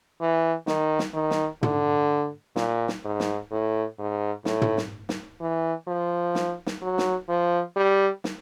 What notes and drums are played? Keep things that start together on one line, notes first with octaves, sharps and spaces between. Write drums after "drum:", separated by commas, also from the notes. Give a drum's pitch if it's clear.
E3
D#3, drum: snare
drum: snare
D#3
drum: snare
D3, drum: tom
A#2, drum: snare
drum: snare
G#2
drum: snare
A2
G#2
A2, drum: snare
drum: tom
drum: snare
drum: snare
E3
F3
drum: snare
drum: snare
F#3
drum: snare
F3
G3
drum: snare